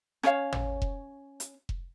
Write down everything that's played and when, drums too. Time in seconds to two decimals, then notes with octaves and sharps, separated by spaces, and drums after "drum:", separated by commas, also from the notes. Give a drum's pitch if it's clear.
0.23 C#4 C#5 F5, drum: rim click
0.52 drum: tom
0.82 drum: kick F1
1.40 drum: hi-hat
1.69 drum: kick F1